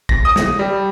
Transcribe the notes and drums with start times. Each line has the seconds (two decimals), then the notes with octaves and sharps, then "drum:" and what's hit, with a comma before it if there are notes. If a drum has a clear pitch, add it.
0.09 A#6, drum: kick
0.25 D#6
0.36 drum: snare
0.59 G3